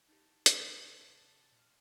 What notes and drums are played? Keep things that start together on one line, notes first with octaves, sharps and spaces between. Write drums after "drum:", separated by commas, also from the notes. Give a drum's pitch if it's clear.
D#4 E4 G4 A5
drum: hi-hat
C3 G4 A5 F#6
A#2 D5 F6